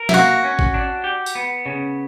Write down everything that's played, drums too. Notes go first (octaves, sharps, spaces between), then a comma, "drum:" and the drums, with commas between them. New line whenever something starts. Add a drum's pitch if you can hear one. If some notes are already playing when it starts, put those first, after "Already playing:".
Already playing: A#4
E4, drum: snare
A#3 F#4
C#4
drum: kick
D4
G4
drum: tambourine
B3
C#3